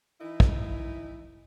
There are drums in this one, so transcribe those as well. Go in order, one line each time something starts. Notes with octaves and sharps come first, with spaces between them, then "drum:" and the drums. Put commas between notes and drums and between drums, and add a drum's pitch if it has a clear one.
E3 D#4 E4
drum: kick